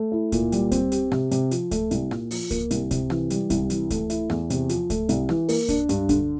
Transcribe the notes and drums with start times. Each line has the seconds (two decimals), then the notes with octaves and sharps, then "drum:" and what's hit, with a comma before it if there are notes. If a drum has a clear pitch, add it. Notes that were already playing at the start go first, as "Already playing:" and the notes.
Already playing: A3
0.12 E4
0.32 A#2, drum: kick C#2, hi-hat
0.52 G3, drum: hi-hat
0.71 C4, drum: kick C#2, hi-hat
0.92 G4, drum: hi-hat
1.12 C3, drum: rim click
1.31 C3, drum: hi-hat
1.51 F3, drum: hi-hat
1.71 A3, drum: kick C#2, hi-hat
1.91 C2, drum: hi-hat
2.11 A#2, drum: rim click
2.31 F3, drum: open hi-hat
2.51 A#3, drum: kick C#2, hi-hat
2.71 C2, drum: hi-hat
2.91 C3, drum: kick C#2, hi-hat
3.10 E3, drum: rim click
3.30 G3, drum: hi-hat
3.50 C2, drum: kick C#2, hi-hat
3.70 E3, drum: hi-hat
3.90 A3, drum: kick C#2, hi-hat
4.10 E4, drum: hi-hat
4.30 E2, drum: rim click
4.50 C3, drum: hi-hat
4.69 F3, drum: hi-hat
4.90 A3, drum: kick C#2, hi-hat
5.09 C2, drum: hi-hat
5.29 E3, drum: rim click
5.49 A#3, drum: open hi-hat
5.68 D4, drum: kick C#2, hi-hat
5.89 G2, drum: hi-hat
6.09 D3, drum: kick C#2, hi-hat